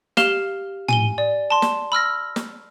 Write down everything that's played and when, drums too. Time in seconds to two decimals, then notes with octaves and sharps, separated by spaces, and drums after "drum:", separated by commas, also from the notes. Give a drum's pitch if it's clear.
0.17 G4 F5 F6 E7 F7 G7, drum: snare
0.88 G#5 D#7 G7, drum: tom
1.18 D5
1.50 A5 C6 E7
1.62 drum: snare
1.92 B5 E6 F6 A#6
2.36 drum: snare